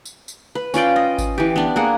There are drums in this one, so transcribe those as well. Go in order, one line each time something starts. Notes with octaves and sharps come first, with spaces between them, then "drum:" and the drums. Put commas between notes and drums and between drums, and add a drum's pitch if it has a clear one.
drum: tambourine
drum: tambourine
B4
C#4 F4 D5 G5, drum: tambourine
D#5
drum: kick G#1, tambourine
E3 G4
B3 D4
A#3 G#4 F#5